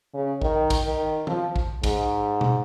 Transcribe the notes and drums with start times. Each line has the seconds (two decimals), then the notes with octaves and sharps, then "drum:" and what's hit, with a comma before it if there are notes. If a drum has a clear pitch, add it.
0.14 C#3
0.42 D#3, drum: kick A1
0.70 drum: kick A1, cymbal
0.85 D#3
1.27 F3, drum: tom
1.56 drum: kick A1
1.83 G#2, drum: kick A1, cymbal
2.41 drum: tom